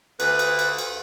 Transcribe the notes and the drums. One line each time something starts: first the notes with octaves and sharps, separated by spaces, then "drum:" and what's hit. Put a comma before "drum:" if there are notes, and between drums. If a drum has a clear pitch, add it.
D2 B4, drum: cymbal
drum: cymbal
drum: cymbal
drum: cymbal